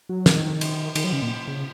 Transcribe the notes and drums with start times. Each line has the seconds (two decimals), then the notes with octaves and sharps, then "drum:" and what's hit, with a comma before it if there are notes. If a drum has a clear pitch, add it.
0.09 F#3
0.26 D#3, drum: snare
0.61 drum: cymbal
0.95 D#3, drum: cymbal
1.04 F#3
1.13 C#3
1.22 A#2
1.48 C#3